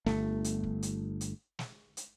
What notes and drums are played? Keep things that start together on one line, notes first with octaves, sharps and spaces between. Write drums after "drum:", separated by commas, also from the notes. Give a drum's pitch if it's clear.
G1 A3, drum: snare
drum: hi-hat
drum: kick
drum: hi-hat
drum: hi-hat
drum: snare
drum: hi-hat